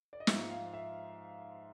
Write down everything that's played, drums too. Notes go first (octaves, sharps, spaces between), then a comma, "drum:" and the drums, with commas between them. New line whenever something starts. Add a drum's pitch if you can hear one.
D5
D#5
G#2 F3 E5, drum: snare
F5
E5